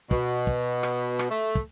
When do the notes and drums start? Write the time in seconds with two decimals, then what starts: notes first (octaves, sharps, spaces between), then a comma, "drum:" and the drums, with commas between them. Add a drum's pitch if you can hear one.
0.11 B2, drum: kick
0.47 drum: kick
0.83 drum: rim click
1.19 drum: rim click
1.30 A3
1.55 drum: kick